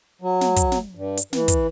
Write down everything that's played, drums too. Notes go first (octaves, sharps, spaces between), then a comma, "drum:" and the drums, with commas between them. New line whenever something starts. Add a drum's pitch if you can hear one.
F#3
drum: snare
drum: kick, hi-hat
drum: snare
G2
drum: hi-hat
E3, drum: snare
drum: kick, hi-hat